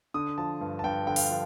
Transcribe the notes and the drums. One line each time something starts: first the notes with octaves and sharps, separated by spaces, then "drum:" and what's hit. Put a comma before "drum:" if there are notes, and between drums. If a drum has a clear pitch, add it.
D3 D#6
F3 A5
G2
A5
G2 G5
D3 G5
F5, drum: open hi-hat
F3